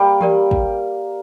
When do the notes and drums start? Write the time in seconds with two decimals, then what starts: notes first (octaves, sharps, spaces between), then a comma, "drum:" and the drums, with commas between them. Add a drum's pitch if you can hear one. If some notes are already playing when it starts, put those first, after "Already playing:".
Already playing: G3 A#3
0.21 G4 A#4 D5, drum: tom E3
0.51 drum: kick